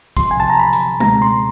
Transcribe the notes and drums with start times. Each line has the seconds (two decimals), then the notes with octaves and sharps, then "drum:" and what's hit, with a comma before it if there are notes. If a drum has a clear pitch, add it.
0.17 C2 C3 F3 C6, drum: kick, hi-hat
0.31 G#5
0.40 A5
0.50 A#5
0.59 B5
0.73 drum: hi-hat
1.00 C#2 B2 G#3 C4 A#5, drum: tom G#3
1.22 C6